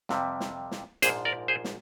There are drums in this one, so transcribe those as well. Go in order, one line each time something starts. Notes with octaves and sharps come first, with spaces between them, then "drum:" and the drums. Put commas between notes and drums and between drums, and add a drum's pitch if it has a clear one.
F2 C3 G3, drum: snare
drum: snare
drum: snare
A#1 G#2 F3 G#4 C5, drum: hi-hat
A#4 D5
G#4 C5
drum: snare